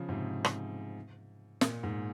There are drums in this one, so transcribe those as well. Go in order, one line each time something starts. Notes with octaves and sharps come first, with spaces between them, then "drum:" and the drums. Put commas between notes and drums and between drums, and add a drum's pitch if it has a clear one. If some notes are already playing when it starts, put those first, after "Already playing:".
Already playing: C#3 F3
G#2 C3
drum: rim click
A#2, drum: snare
G#2